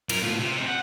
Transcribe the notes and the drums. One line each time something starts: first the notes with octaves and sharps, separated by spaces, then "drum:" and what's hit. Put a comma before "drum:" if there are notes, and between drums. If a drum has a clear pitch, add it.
F#2 A#4, drum: cymbal
A2 F4
C3
C4 D#4
F#5